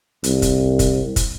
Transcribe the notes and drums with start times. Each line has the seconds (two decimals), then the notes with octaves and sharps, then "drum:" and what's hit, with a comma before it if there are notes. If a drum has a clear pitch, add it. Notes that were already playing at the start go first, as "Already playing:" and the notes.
0.24 C2, drum: hi-hat
0.42 drum: kick, hi-hat
0.79 drum: kick, hi-hat
1.16 drum: kick, hi-hat